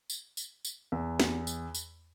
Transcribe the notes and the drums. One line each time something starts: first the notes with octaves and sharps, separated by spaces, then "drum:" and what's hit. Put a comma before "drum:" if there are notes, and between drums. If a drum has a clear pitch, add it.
drum: tambourine
drum: tambourine
drum: tambourine
E2
drum: snare
drum: tambourine
drum: tambourine